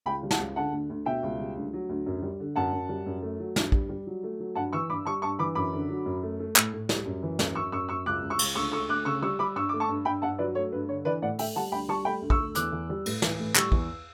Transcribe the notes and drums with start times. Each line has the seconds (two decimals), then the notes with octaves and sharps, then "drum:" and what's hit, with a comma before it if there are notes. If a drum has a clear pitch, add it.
0.06 C#2 G5 B5
0.23 G3
0.31 F#5 A5, drum: snare
0.39 C#2
0.56 D3 F#5 A5
0.72 D2
0.90 D2
1.06 B2 E5 G5
1.23 C#2
1.39 G3
1.56 D2
1.73 F#3
1.89 D2
2.06 F#2
2.22 G3
2.40 D3
2.56 F#2 F#5 A5
2.73 F#2
2.89 G3
3.06 F#2
3.22 A3
3.40 F#3
3.56 G2, drum: snare
3.72 G3, drum: kick
3.89 G3
4.07 F#3
4.23 A3
4.40 F#3
4.55 G2 F#5 A5
4.73 E3 C#6 E6
4.90 G2 B5 D6
5.05 G3 A5 C#6
5.22 G2 A5 C#6
5.39 E3 B5 D6
5.55 F#2 B5 D6
5.73 D3
5.89 F#3
6.06 F#2
6.23 A3
6.39 A3
6.56 A2, drum: clap
6.73 A2
6.89 G3, drum: snare
7.06 F#2
7.23 E3
7.39 F#2, drum: snare
7.55 F#2 C#6 E6
7.72 F#2 C#6 E6
7.89 F#2 C#6 E6
8.06 C#2 D6 F#6
8.23 C#2
8.30 C#6 E6
8.39 C#2, drum: cymbal
8.55 D2 C#6 E6
8.72 A3 C#6 E6
8.89 D2 D6 F#6
9.05 C#3 C#6 E6
9.22 G3 C#6 E6
9.39 G3 B5 D6
9.56 G2 C#6 E6
9.69 A3 D6
9.80 A5 C#6
9.89 G2
10.05 G2 G5 B5
10.22 G2 F#5 A5
10.38 F#3 B4 D5
10.55 A3 C#5
10.72 G2 B4
10.89 D3 C#5
11.05 E3 B4 D5
11.22 A2 D5 F#5
11.39 A3 E5 G5, drum: open hi-hat
11.56 G3 F#5 A5
11.72 D2 G5 B5
11.88 G3 A5 C#6
12.05 A3 G5 B5
12.22 D2
12.30 C#6 E6, drum: kick
12.40 A3
12.55 E2 D6 F#6, drum: hi-hat
12.72 E2
12.90 G3
13.06 A2, drum: cymbal
13.22 E3, drum: snare
13.39 A2
13.55 G3 C#6 E6, drum: clap
13.72 E2, drum: kick